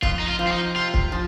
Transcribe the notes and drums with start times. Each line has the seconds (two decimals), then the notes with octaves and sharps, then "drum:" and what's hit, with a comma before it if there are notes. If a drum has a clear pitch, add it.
0.02 F2 F4, drum: kick C#1
0.19 D#4
0.27 F4
0.39 F3
0.47 C4
0.52 D#4
0.75 C3 F4
0.94 drum: kick C#1
1.12 F3